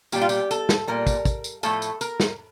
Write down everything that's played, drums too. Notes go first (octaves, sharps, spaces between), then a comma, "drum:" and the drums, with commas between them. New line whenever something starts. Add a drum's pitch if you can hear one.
A#2 G3 G4, drum: tambourine
F4
G4, drum: tambourine
A4, drum: tambourine
drum: snare
A#2 G3 A#4
drum: kick, tambourine
drum: kick, tambourine
drum: tambourine
A2 F3 A3 A4, drum: tambourine
drum: tambourine
A#4, drum: tambourine
drum: snare